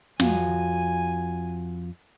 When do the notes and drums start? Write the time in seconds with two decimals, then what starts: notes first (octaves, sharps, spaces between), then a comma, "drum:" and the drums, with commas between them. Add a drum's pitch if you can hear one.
0.20 F2 F4 F#4 G#5, drum: snare